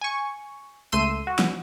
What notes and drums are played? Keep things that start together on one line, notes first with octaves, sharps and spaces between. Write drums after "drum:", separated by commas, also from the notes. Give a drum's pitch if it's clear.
G#5 C#6
C#2 A3 C6 E6 D#7
F#4
drum: snare